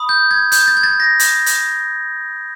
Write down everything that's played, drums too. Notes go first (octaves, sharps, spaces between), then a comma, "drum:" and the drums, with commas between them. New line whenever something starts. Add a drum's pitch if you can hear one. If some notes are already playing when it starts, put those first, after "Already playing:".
Already playing: B5 D#6
G6
G#6
G6, drum: hi-hat
A6
G#6
A6
A#6
drum: hi-hat
drum: hi-hat